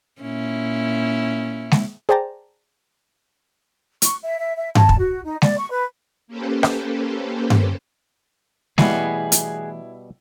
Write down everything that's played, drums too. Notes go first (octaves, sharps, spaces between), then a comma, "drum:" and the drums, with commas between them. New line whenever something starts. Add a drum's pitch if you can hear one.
A#2 C#4 E4
drum: snare G#3
G#4 C5 D5 G5 A5 A#5
C#6, drum: hi-hat
E5
E5
E5
A5, drum: tom G2
drum: kick
F#4
D#4
D5, drum: snare G#3
C#6
B4
A#3 C#4 G4 A4 B4 C5
drum: rim click
drum: tom G2
B2 E3 G3 A3 B3 E4 G#4 F#5, drum: snare G#3
drum: hi-hat